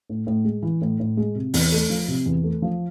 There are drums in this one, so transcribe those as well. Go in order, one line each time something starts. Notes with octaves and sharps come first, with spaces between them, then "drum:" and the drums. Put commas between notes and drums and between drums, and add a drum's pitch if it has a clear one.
A2
A2
G#3
E3
A2
A2
G#3
C3
E2, drum: open hi-hat
A3
F3
C3
E2
A3
F3